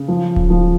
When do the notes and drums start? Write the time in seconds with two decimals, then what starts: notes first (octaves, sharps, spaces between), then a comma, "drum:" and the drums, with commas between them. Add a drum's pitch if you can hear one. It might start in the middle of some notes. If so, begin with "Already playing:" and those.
Already playing: C#3
0.08 F3
0.36 drum: kick D1
0.50 F3